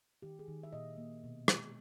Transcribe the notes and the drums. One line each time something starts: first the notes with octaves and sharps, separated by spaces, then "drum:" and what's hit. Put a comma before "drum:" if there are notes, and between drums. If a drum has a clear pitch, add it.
D#3 G4
G#4
D#3
E5
A#2 D#5
A#3
B2
G#3, drum: rim click